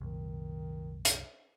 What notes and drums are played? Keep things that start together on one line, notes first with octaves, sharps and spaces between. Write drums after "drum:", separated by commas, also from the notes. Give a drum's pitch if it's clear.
C2 F#2 A#2 D#3
drum: hi-hat